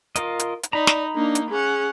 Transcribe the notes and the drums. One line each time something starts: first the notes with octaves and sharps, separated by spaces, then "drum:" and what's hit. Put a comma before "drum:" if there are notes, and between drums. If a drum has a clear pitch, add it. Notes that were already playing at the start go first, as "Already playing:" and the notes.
F4 A#4 D#5, drum: hi-hat
drum: hi-hat
drum: hi-hat
D#4 D5 A#5 B5
drum: snare
A#3 D4 D#4
drum: hi-hat
C#4 G#4 F#5